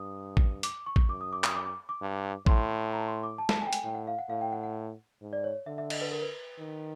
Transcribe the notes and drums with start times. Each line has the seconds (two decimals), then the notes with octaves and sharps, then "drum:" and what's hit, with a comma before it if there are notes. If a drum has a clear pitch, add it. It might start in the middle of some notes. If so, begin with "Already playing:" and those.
Already playing: G2 D#6
0.37 drum: kick A1
0.63 D6, drum: hi-hat
0.86 C#6
0.96 drum: kick A1
1.09 F#2 D6
1.21 D#6
1.33 D6
1.44 D#6, drum: clap
1.56 D6
1.66 D6
1.89 D6
2.01 G2
2.46 A2 C6, drum: kick A1
2.86 A5
2.93 A#5
3.08 C6
3.23 D6
3.38 A5
3.49 A5, drum: snare
3.61 G#5
3.67 G5
3.73 G#5, drum: hi-hat
3.84 A2 G5
3.95 F#5
4.07 F5
4.19 F#5
4.29 A2 F5
4.41 G5
4.52 F#5
4.63 F#5
5.22 G#2
5.33 D5
5.44 C#5
5.66 D3 E5
5.78 E5
5.90 D#5, drum: cymbal
6.01 B4
6.12 A#4
6.22 B4
6.58 D#3